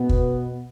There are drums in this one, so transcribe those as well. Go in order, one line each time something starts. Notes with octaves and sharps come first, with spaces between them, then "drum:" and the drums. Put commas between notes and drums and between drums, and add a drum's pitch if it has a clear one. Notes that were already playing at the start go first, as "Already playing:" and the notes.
Already playing: B2 B3
drum: kick